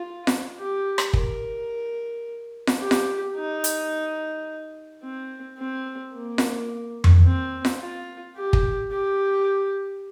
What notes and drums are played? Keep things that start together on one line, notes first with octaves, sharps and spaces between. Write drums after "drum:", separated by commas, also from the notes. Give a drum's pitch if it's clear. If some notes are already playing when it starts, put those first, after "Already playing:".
Already playing: F4
drum: snare F4
G4
drum: rim click
A#4, drum: kick
drum: snare F4
G4
drum: snare F4
D#4
drum: hi-hat
C4
C4
A#3
drum: snare F4
drum: tom F2
C4
drum: snare F4
F4
G4
drum: kick
G4